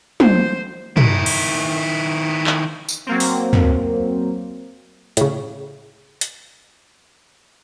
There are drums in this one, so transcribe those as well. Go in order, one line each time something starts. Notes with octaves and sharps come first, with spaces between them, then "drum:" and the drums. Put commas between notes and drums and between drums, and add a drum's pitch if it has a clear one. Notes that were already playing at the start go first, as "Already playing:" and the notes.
C5, drum: tom
D#3 E4, drum: tom
drum: cymbal
drum: clap
drum: tambourine
F#3 A#3 C4
drum: open hi-hat
drum: tom
A2 C#3, drum: hi-hat
drum: hi-hat